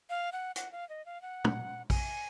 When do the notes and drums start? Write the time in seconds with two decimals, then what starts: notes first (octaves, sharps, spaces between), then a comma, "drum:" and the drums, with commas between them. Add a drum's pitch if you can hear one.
0.10 F5
0.33 F#5
0.56 F#5, drum: hi-hat
0.72 F5
0.89 D#5
1.06 F5
1.22 F#5
1.45 drum: tom A#2
1.90 G#5, drum: kick A#1, open hi-hat